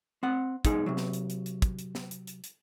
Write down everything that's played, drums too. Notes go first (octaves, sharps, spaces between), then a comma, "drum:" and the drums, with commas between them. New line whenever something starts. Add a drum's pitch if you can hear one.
C4 F#5
B1 D#4 G#4, drum: kick, hi-hat
C3 F#3
drum: snare
drum: hi-hat
drum: hi-hat
drum: hi-hat
drum: kick, hi-hat
drum: hi-hat
drum: snare
drum: hi-hat
drum: hi-hat
drum: hi-hat